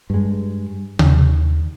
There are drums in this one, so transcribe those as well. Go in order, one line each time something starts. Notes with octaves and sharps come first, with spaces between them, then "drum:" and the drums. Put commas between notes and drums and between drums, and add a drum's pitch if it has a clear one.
G2 G#3
D#2, drum: tom C3